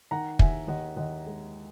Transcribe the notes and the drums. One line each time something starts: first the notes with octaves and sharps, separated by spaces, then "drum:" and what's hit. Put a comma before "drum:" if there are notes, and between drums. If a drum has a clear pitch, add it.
D#3 F#5 A#5
D#2 E5 G#5, drum: kick
D#2 D#5 F#5
D#2 D#5 F#5
G#3